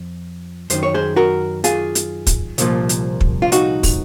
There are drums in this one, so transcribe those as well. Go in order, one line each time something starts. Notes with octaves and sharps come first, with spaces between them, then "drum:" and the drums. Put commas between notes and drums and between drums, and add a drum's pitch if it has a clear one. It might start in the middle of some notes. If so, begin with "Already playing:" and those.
Already playing: F2
F#2 D#3 C5, drum: hi-hat
C#5
G#4 C5
F#4 A#4
F4 G#4, drum: hi-hat
drum: hi-hat
drum: kick, hi-hat
C2 A#2 F3, drum: hi-hat
drum: hi-hat
drum: kick
F4
D#4 F#4, drum: hi-hat
drum: kick, open hi-hat